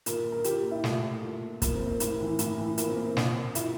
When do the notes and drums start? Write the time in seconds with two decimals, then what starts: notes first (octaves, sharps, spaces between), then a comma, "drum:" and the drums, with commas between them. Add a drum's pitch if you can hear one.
0.06 A#2 A#4, drum: hi-hat
0.32 A#4
0.44 A#2 G4, drum: hi-hat
0.71 E4
0.84 A#2 A3, drum: snare
1.22 A#2
1.62 A#2 A#3, drum: kick, hi-hat
1.74 C4
1.87 A#3
2.00 A2, drum: hi-hat
2.20 E3
2.39 A2, drum: hi-hat
2.58 E3
2.78 A#2 A#3, drum: hi-hat
2.87 C4
2.97 A#3
3.07 C4
3.17 A#2 D4, drum: snare
3.55 A#2 E4, drum: hi-hat